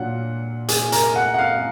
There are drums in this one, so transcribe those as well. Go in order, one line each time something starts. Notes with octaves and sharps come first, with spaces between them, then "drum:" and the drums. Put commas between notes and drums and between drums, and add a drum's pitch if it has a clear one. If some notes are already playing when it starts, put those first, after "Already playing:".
Already playing: A#2 F#3 D4 F4 F#5
G#4 G#5, drum: hi-hat
A#4 A#5, drum: hi-hat
F#5
F#5
F5